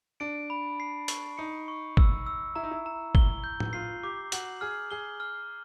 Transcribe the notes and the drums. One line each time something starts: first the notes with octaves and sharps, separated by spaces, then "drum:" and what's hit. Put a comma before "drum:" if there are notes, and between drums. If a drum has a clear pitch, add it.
D4 D7
B5
C7
C#6, drum: hi-hat
D#4 C#7
C#6
E6, drum: kick
E6
E4 A#5
D#4
E4
A#5
G7, drum: kick
G6
drum: tom
F4 C7
G4 D6
F#4 F#7, drum: hi-hat
G#4 F6
G#4 G7
F6